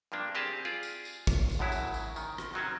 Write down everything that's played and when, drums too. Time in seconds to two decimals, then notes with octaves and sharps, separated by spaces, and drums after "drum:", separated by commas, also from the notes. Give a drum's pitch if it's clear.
0.12 G2 F3 A#3 D4
0.35 C4 G4 G#4 A5
0.65 F4 G#4 D5
0.83 drum: tambourine
1.05 drum: tambourine
1.27 drum: kick, tambourine
1.50 drum: tambourine
1.59 F#2 A2 C#3 F#3 E4
1.72 drum: tambourine
1.94 drum: tambourine
2.16 D#3, drum: tambourine
2.38 drum: rim click
2.54 D#3 F#3 C4 C#4